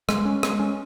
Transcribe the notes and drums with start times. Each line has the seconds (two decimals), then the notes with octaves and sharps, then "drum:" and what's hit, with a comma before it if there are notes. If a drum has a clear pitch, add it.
0.09 G#3, drum: rim click
0.25 C#4
0.43 G#3, drum: rim click
0.59 C#4